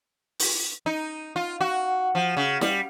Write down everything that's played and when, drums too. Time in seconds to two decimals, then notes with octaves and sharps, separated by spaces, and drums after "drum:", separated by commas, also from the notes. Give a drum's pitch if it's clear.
0.39 drum: open hi-hat
0.86 D#4
1.36 F4
1.61 F#4
2.15 F3
2.37 C#3
2.61 G3, drum: snare